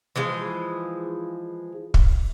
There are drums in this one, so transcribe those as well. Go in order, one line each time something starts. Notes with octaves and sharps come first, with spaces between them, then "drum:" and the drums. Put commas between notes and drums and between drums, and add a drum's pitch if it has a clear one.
E3 F3 G#3
drum: kick